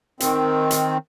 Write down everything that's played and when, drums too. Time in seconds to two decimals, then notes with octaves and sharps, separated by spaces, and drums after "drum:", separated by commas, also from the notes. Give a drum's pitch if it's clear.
0.20 D#3 C4, drum: hi-hat
0.71 drum: hi-hat